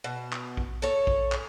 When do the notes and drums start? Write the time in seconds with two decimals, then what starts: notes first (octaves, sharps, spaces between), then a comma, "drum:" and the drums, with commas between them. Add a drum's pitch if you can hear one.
0.04 B2
0.33 drum: clap
0.57 drum: kick A#1
0.82 A4 C#5
1.07 drum: kick A#1
1.32 drum: clap